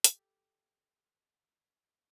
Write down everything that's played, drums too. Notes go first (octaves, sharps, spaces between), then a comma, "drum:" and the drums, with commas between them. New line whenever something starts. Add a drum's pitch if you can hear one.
G4 A4, drum: hi-hat